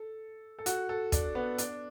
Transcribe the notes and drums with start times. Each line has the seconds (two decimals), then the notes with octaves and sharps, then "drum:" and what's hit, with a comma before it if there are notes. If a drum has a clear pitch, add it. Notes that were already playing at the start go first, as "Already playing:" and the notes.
Already playing: A4
0.59 A4
0.66 F#4, drum: hi-hat
0.89 A4
1.12 D4, drum: kick, hi-hat
1.35 B3
1.58 D4, drum: hi-hat